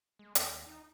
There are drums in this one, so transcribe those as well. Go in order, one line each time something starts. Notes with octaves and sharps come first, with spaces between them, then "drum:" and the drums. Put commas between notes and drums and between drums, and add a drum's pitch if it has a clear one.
G#3
D#2, drum: hi-hat
D#4